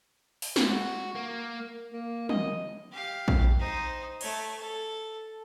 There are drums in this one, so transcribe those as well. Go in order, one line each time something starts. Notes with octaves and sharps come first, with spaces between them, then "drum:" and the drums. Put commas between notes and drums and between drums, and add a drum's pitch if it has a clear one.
drum: open hi-hat
drum: snare
F#4
A#3
A#3
D#5, drum: tom
G4 F5
drum: kick A#1
D#4 C5
A3 C#5, drum: cymbal
A4